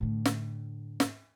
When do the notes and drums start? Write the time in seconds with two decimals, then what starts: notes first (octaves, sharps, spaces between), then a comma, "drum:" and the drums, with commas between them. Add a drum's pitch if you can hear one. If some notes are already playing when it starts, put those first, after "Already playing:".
0.01 A2 D3
0.25 drum: snare
1.00 drum: snare